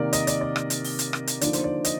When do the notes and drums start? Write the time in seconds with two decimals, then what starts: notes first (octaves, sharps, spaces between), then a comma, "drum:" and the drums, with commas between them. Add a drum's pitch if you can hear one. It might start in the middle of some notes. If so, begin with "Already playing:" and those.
Already playing: C3 D#3 A#3 A#4 D5
0.13 D#5, drum: hi-hat
0.27 D5, drum: hi-hat
0.41 D5
0.56 drum: rim click
0.70 drum: hi-hat
0.84 drum: open hi-hat
0.99 drum: hi-hat
1.13 drum: rim click
1.27 drum: hi-hat
1.41 D3 F3 A#3 D#4 D5, drum: hi-hat
1.53 C5, drum: hi-hat
1.64 D5
1.84 D#5, drum: hi-hat